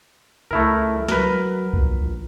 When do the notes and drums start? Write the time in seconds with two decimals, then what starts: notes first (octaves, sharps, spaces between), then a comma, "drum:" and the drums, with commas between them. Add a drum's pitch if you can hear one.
0.51 C#2 A3 E4 A#4
1.08 F#3 A#4 B4, drum: snare
1.73 A#1, drum: kick C2